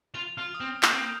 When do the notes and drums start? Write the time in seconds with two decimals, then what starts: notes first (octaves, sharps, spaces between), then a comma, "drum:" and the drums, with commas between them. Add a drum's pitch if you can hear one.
0.14 F4 F7
0.37 F4 F6
0.55 D#6
0.60 C4 F6
0.83 A#3 G6, drum: clap
0.91 C4
1.01 A#3